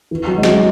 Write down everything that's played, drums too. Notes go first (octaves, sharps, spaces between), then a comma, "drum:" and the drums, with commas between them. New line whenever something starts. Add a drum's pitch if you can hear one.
E3
F#3
G#3
F#3, drum: snare